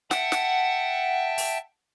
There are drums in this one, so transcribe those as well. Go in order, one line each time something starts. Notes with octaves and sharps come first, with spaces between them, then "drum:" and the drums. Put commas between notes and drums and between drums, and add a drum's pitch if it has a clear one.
E5 F#5 G5 A5, drum: snare
drum: snare
drum: open hi-hat